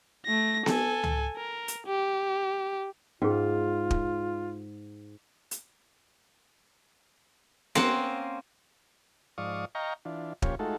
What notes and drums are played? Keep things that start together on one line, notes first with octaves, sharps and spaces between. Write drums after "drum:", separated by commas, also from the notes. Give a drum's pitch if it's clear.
A3 A#6
A4 G#5, drum: snare B3
drum: tom C#2
A#4
drum: hi-hat
G4
G#2 C#4 F4 G#4
drum: kick
drum: hi-hat
A#3 C4 C#4 C5 F#5, drum: snare B3
G#2 F3 D5 F5 C#6 D#6
D#5 F5 G5 A#5 C#6
E3 D4 F4
A#2 F3 C#4 F4 G4 C#5, drum: kick
G#3 A3 D#4 F4 F#4 A4